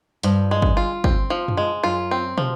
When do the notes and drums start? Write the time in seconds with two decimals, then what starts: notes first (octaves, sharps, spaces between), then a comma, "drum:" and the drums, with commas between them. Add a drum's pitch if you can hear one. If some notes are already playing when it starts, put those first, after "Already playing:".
0.23 G2 F3, drum: hi-hat
0.51 G#3
0.62 drum: kick
0.77 F4
1.04 C4, drum: kick
1.30 F3
1.48 drum: tom F#2
1.57 G#3
1.84 F#2 F4
2.11 C4
2.38 F3, drum: tom